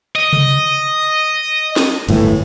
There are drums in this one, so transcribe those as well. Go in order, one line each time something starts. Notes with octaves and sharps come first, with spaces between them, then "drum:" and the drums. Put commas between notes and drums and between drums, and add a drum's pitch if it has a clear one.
D#5
drum: tom C3
drum: snare
G1 A2 E3, drum: cymbal